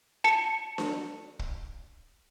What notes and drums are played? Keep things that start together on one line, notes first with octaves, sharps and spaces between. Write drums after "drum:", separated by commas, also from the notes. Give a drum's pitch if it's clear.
A5 C#7
drum: snare D4
drum: kick